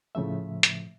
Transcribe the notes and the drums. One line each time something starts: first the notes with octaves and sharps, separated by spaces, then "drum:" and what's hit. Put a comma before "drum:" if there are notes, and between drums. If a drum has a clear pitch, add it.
A2 C#3 F3 A3 E5
drum: hi-hat